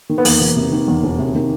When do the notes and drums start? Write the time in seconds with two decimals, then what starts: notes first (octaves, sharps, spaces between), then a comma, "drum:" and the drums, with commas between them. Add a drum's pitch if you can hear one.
0.09 D#3
0.18 B3
0.25 E2 A#3, drum: open hi-hat
0.41 E1
0.56 C3
0.72 D#3
0.88 E2
1.03 E1
1.19 C3
1.35 D#3